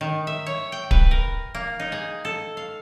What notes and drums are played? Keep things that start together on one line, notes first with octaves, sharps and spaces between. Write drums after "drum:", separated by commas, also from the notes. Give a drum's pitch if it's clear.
D#3
E5
C#5
G5
B4, drum: kick
A#4
A#3
D#4
G#4
A4
F5